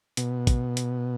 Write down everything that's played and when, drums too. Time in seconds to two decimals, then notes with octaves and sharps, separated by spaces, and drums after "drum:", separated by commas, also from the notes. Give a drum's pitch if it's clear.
0.17 B2, drum: hi-hat
0.47 drum: kick, hi-hat
0.77 drum: hi-hat